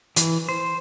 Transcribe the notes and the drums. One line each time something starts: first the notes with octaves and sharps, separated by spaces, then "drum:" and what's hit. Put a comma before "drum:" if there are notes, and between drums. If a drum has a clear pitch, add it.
E3, drum: hi-hat
C5